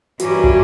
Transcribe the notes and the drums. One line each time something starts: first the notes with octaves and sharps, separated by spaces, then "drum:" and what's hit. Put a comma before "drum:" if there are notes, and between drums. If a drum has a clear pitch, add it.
G2 E3 G3 A#3 C#4 F#4, drum: hi-hat
F#4, drum: kick